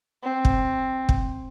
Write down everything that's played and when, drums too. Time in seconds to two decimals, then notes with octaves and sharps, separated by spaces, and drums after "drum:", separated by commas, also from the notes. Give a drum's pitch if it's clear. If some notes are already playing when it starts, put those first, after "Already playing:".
0.23 C4
0.45 drum: kick
1.09 drum: kick